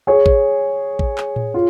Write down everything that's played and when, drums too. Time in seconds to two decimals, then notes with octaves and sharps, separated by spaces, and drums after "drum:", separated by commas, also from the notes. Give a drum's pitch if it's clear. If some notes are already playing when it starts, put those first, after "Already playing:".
0.07 G#4 C#5
0.26 drum: kick A1
0.99 drum: kick A1
1.18 drum: clap
1.36 drum: tom A2
1.54 F4